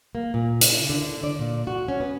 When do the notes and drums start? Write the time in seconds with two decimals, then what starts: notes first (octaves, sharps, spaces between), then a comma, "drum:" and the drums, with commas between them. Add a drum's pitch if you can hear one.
0.15 A#3
0.34 A#2
0.61 C#3, drum: hi-hat
0.90 D3
1.24 D5
1.39 A#2
1.67 F#4
1.88 C#4
2.00 B3